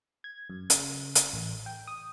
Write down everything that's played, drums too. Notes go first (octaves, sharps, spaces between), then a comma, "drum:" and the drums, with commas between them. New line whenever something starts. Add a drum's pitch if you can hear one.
G#6
F#2
C#3, drum: hi-hat
drum: hi-hat
A1
G5
D#6